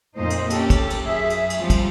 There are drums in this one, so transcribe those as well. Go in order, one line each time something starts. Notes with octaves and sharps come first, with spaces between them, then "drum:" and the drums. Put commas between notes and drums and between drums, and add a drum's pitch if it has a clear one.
F2 A#2 A#3 D#4 C5 D#5
drum: cymbal
C#4 G4 A4, drum: cymbal
drum: kick, cymbal
drum: cymbal
F#2 G#4 E5
drum: cymbal
drum: cymbal
F3 G3 C4
drum: kick, cymbal